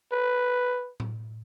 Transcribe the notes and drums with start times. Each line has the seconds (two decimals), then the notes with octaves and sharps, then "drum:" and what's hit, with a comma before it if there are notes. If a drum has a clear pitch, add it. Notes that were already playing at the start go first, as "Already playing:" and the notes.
0.12 B4
1.00 drum: tom A2